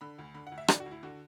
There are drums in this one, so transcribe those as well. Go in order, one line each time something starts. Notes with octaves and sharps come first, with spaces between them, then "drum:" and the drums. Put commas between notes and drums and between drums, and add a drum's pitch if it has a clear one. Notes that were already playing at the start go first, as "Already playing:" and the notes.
D3 B5
D2
D3 B5
F#5
D2
E5
D3 D5, drum: rim click
F#4
D2
E4
D3 F#4